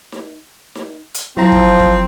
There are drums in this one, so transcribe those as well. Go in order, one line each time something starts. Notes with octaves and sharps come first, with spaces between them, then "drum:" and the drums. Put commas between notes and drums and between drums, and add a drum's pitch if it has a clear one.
drum: snare D#4
drum: snare D#4
drum: hi-hat
F3 F#3 C4 E4 A#5
drum: kick
drum: kick